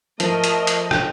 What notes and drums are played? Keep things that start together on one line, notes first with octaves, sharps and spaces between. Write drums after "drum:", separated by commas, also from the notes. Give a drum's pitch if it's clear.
F3 A3 A#4 D#5, drum: hi-hat
drum: hi-hat
drum: hi-hat
drum: rim click